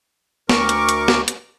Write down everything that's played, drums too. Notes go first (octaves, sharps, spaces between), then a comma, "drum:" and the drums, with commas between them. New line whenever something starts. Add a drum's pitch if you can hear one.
D2 A#4 C#6 D6, drum: snare
drum: hi-hat
drum: hi-hat
drum: snare
drum: hi-hat